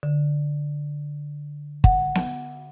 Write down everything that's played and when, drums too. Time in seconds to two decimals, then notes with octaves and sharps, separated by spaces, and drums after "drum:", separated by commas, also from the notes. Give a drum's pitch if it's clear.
0.03 D3
1.84 F#5, drum: kick
2.15 drum: snare B3